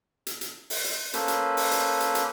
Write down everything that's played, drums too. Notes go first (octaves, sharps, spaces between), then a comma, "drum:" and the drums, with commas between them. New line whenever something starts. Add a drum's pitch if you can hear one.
drum: hi-hat
drum: hi-hat
drum: open hi-hat
drum: hi-hat
A#3 C#4 A4 B4 C5, drum: hi-hat
drum: hi-hat
drum: open hi-hat
drum: hi-hat
drum: hi-hat
drum: hi-hat